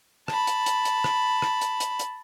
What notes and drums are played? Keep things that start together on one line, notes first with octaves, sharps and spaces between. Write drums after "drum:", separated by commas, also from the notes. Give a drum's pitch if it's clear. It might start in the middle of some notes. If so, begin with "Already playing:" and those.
A5 B5, drum: rim click
drum: hi-hat
drum: hi-hat
drum: hi-hat
drum: rim click
drum: rim click
drum: hi-hat
drum: hi-hat
drum: hi-hat